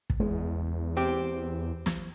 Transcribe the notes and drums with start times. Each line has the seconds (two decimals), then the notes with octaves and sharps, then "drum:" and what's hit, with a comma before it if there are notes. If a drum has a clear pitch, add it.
0.10 drum: kick
0.20 E2 G#3
0.97 C4 G4
1.86 drum: snare